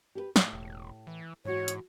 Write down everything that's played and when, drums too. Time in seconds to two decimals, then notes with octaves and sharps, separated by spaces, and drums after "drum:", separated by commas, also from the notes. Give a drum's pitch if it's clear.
0.15 G4 G#4 B4
0.36 A2, drum: snare
0.53 E1
1.07 E3
1.45 G#2 E3 F#4 C#5
1.68 drum: hi-hat